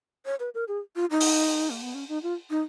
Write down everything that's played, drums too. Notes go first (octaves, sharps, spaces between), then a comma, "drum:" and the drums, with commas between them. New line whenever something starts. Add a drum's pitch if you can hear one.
C#5
B4
A#4
G#4
F4
D#4
drum: open hi-hat
A#3
B3
C#4
D#4
F4
D#4